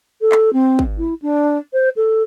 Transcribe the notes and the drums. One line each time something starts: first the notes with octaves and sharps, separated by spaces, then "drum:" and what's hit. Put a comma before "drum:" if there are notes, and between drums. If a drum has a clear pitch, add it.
A4
drum: clap
C4
drum: kick G#1
E4
D4
C5
A4